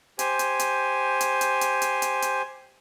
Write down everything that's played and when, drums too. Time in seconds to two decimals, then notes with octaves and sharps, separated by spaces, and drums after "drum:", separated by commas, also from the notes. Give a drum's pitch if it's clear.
0.19 G4 C5 G#5, drum: hi-hat
0.39 drum: hi-hat
0.59 drum: hi-hat
1.21 drum: hi-hat
1.41 drum: hi-hat
1.61 drum: hi-hat
1.82 drum: hi-hat
2.02 drum: hi-hat
2.22 drum: hi-hat